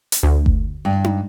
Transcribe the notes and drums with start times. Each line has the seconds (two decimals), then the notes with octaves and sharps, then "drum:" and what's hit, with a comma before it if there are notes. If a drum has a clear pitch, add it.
0.12 drum: hi-hat
0.23 D2
0.46 drum: kick F#1
0.85 G2
1.04 drum: tom D#4